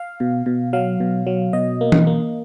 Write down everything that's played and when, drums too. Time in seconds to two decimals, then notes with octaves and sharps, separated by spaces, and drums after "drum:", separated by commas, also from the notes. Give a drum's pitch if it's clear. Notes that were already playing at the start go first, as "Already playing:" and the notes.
Already playing: F5
0.20 B2
0.46 B2
0.73 F#3 F5
1.00 B2
1.27 F#3
1.53 B2 D#5
1.81 A#3
1.92 drum: tom E3
2.07 A#3